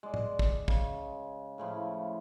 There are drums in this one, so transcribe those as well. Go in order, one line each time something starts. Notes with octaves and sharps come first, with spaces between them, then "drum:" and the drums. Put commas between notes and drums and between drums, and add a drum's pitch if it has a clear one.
G#3 D5
drum: tom
drum: kick
C#3, drum: kick
A2 C#3 F3 E4